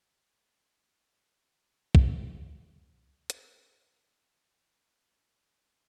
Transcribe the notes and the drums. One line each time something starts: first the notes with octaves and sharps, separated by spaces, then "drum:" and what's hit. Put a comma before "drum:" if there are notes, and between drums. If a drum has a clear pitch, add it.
A1 C4
drum: kick
drum: hi-hat
F4
A#4 A#5
B2 C#5
D2 E6